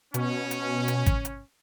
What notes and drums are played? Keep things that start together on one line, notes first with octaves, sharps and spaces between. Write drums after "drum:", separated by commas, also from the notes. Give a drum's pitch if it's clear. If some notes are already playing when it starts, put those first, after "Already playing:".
B2 C#4, drum: hi-hat
drum: hi-hat
drum: hi-hat
drum: kick G#1, hi-hat
drum: hi-hat